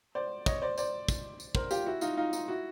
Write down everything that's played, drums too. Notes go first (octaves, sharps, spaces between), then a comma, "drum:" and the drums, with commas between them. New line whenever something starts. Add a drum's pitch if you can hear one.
C5 D5
C#5 D#5, drum: kick, tambourine
C5 D5
C5 D5, drum: tambourine
drum: kick, tambourine
drum: tambourine
A#4 C5, drum: kick
F4 G4, drum: tambourine
E4 F#4
D#4 F4, drum: tambourine
D#4 F4
D#4 F4, drum: tambourine
E4 F#4